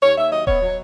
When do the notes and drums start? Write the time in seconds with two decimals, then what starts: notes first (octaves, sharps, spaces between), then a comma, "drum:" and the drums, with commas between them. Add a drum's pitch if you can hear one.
0.02 D#2 C#5
0.17 D#2 E5
0.32 F#3 D#5
0.47 B3 C#5, drum: kick D#1
0.62 F#3